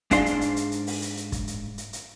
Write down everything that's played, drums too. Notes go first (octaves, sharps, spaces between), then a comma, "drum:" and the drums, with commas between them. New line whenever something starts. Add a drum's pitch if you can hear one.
G#2 D4 C5 F5 C6, drum: kick, hi-hat
drum: hi-hat
drum: hi-hat
drum: hi-hat
drum: hi-hat
drum: open hi-hat
drum: hi-hat
drum: hi-hat
drum: kick, hi-hat
drum: hi-hat
drum: hi-hat
drum: hi-hat